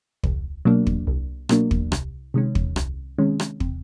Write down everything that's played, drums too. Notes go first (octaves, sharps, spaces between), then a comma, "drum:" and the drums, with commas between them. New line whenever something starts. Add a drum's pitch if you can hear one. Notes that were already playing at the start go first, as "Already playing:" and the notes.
C2, drum: kick
B2 F#3 A#3 D4
drum: kick
C2
B2 F#3 A#3 D4, drum: rim click
drum: kick
C2, drum: rim click
C3 D#3 G#3 C#4
drum: kick
C2, drum: rim click
C3 D#3 G#3 C#4
drum: rim click
C3, drum: kick